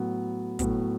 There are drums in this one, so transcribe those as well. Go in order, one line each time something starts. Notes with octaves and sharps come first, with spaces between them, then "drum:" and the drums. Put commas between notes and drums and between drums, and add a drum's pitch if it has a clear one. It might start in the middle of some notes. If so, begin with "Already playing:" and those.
Already playing: A2 F#3 B3
A2 F#3 B3, drum: kick, hi-hat